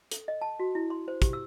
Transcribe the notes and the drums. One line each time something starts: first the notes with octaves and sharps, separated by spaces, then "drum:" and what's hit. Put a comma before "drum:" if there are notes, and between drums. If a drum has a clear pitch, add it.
A4, drum: hi-hat
D#5
A5
F#4
E4
C6
C5
G4, drum: kick, hi-hat
E6